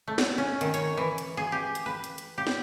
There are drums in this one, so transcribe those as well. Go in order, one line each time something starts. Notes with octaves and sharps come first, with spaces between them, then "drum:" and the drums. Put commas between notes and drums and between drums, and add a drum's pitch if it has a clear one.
A3
drum: snare
C#4
D#3, drum: hi-hat
C#5, drum: hi-hat
E3
drum: hi-hat
G#4
G4
drum: hi-hat
B4
drum: hi-hat
drum: hi-hat
G4
drum: snare